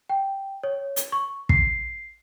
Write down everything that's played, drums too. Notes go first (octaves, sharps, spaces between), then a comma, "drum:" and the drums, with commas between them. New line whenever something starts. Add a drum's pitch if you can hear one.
G5
C#5
drum: hi-hat
C#6
C7, drum: kick